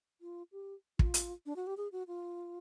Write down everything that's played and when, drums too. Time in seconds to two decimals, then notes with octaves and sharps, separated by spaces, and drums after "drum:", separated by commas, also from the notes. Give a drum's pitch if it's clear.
0.21 F4
0.52 G4
0.99 F4, drum: kick
1.14 drum: hi-hat
1.46 D4
1.56 F#4
1.67 G4
1.77 G#4
1.92 F#4
2.07 F4